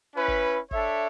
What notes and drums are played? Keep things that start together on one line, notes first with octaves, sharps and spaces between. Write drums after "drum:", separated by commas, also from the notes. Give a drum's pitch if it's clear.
C#4 E4 B4
drum: kick G1
D4 A4 C#5 E5, drum: kick G1